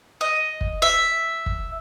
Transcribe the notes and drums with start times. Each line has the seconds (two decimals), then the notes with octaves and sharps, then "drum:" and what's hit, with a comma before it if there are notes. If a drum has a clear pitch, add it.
0.21 D#5
0.61 drum: kick
0.82 E5
1.46 drum: kick